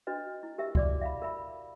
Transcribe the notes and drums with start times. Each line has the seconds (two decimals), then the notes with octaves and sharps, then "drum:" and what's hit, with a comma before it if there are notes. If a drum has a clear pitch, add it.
0.07 D4 F#4 B4 D#5
0.43 E4
0.58 G4 A#4 B4 E5
0.75 F#4 D5 D6, drum: kick C#2
1.01 E5 F5 B5
1.22 A#4 E5 B5